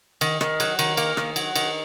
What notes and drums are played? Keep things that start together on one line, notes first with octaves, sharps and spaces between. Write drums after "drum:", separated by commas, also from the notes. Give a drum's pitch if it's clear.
D#3, drum: cymbal
D#3, drum: rim click
F#3, drum: cymbal
D#3, drum: cymbal
A#3, drum: cymbal
D#3, drum: rim click
F#3, drum: cymbal
D#3, drum: cymbal